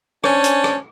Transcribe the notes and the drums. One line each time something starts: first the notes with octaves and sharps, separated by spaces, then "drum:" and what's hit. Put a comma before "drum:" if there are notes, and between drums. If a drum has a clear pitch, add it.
C#4 D4 C5 G#5 A5, drum: rim click
drum: hi-hat
drum: rim click